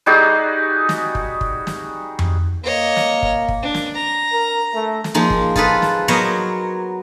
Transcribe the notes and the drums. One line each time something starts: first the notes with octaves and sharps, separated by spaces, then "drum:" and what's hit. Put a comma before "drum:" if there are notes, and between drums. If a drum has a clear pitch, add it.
G3 D#4 F#4 G#4
drum: snare
drum: kick
drum: kick
drum: snare
drum: tom F2
A#3 C#5 D#5
drum: snare
drum: kick
drum: kick
D4
drum: snare
A#5
A#4
A3
drum: snare
F3 A#3 D#4 G#4
drum: kick
F4 G#4 A4 B4, drum: kick
drum: snare
F#3 B3 A#4 C5 C#5 D#5